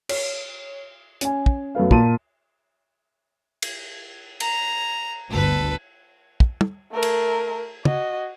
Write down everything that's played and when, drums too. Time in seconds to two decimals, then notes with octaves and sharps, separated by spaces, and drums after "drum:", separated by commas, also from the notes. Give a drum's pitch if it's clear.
0.09 C#5, drum: cymbal
1.21 C#4 G#5, drum: hi-hat
1.46 drum: kick
1.75 F#2 A3 B3 F5
1.91 A#2 A#3 A5 D#7, drum: kick
3.62 drum: cymbal
4.40 A#5, drum: cymbal
5.30 G1 D2 A4 B4
6.40 drum: kick
6.61 drum: tom
6.93 A3 A#4
7.03 drum: cymbal
7.85 F#4 D#5, drum: tom